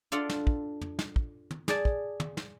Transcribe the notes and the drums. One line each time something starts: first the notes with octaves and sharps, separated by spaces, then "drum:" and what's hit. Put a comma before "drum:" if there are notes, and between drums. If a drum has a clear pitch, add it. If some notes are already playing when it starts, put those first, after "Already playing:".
D4 F4 A4 D5 F#5
drum: snare
drum: kick
drum: tom
drum: snare
drum: kick
drum: tom
G#4 D5 A5, drum: snare
drum: kick
drum: tom
drum: snare